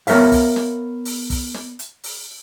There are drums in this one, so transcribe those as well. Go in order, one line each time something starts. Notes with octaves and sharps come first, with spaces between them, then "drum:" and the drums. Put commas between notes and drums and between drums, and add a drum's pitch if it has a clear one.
B3 A#4 C#5 E5 F5, drum: open hi-hat
drum: kick, open hi-hat
drum: snare
drum: open hi-hat
drum: kick, open hi-hat
drum: snare
drum: hi-hat
drum: open hi-hat